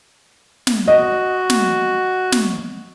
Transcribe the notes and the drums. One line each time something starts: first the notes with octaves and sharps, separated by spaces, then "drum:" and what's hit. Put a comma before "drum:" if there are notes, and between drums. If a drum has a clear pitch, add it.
drum: snare
F#4 D#5
drum: snare
drum: snare